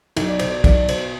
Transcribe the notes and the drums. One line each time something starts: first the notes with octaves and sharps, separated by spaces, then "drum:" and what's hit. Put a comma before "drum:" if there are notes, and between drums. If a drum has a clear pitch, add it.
B1, drum: cymbal
D5
B2 C5, drum: cymbal
D5
B1 D5, drum: kick, cymbal
B2 C5, drum: cymbal